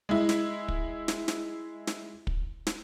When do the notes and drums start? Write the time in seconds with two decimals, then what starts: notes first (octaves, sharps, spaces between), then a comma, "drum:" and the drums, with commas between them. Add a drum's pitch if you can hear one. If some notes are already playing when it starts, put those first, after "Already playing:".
0.09 G#3 E4
0.29 drum: snare
0.68 drum: kick
1.08 drum: snare
1.28 drum: snare
1.87 drum: snare
2.27 drum: kick
2.67 drum: snare